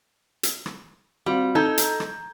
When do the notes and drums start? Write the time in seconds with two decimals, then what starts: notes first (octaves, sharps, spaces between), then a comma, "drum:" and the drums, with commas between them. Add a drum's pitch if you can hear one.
0.43 drum: hi-hat
0.66 drum: rim click
1.26 G3 C4 F4 F#4
1.55 D#4 A4 A#5 G6 G#6
1.78 drum: hi-hat
2.00 drum: rim click